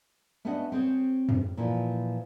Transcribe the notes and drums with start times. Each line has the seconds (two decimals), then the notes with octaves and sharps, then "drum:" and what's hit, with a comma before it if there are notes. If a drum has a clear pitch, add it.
0.45 A3 B3 C#4 D4 D#5 F#5
0.72 C4 G#4 C5 C#5
1.29 drum: tom F2
1.57 A#2 E3 F3